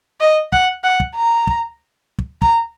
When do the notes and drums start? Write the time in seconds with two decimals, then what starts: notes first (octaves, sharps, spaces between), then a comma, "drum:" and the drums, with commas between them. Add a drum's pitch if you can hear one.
0.21 D#5
0.52 F#5, drum: kick
0.84 F#5
1.00 drum: kick
1.16 A#5
1.47 drum: kick
2.19 drum: kick
2.42 A#5, drum: kick